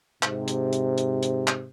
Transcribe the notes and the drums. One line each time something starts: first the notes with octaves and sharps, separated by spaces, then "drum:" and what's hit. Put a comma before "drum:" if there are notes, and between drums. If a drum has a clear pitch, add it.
G#2 C3, drum: clap
drum: hi-hat
drum: hi-hat
drum: hi-hat
drum: hi-hat
drum: clap